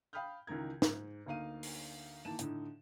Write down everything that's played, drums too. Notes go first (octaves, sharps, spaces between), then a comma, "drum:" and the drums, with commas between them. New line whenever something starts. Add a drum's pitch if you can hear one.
F5 G5 B5 D#6 F6 G6
C#2 D#3 E3 A#4 G#6
G#2, drum: snare
D2 A#3 D#4 F5 D#7
drum: open hi-hat
D#3 E3 A#3 A5 E7
A2 D3 D#4, drum: hi-hat